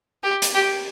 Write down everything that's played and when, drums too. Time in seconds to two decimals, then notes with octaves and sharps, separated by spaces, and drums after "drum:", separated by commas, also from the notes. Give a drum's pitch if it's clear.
0.23 G4
0.42 drum: hi-hat
0.54 G4